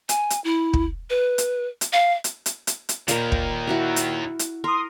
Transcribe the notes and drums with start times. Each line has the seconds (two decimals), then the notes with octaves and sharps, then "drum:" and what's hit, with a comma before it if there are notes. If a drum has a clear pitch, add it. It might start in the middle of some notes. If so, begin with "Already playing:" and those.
0.09 G#5, drum: hi-hat
0.30 drum: hi-hat
0.44 E4
0.73 drum: kick
1.10 B4
1.38 drum: hi-hat
1.81 drum: hi-hat
1.93 F5
2.24 drum: hi-hat
2.46 drum: hi-hat
2.67 drum: hi-hat
2.89 drum: hi-hat
3.08 D#2 A#2 D#3 A#4 F5 B5, drum: hi-hat
3.32 drum: kick
3.67 E4 F#4 A#4
3.96 drum: hi-hat
4.39 drum: hi-hat
4.64 A#4 C6 D#6